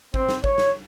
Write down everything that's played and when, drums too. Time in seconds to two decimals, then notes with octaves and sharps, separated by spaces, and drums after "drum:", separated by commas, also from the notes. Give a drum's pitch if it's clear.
0.14 C4, drum: kick
0.29 drum: snare
0.44 C#5, drum: kick
0.58 drum: snare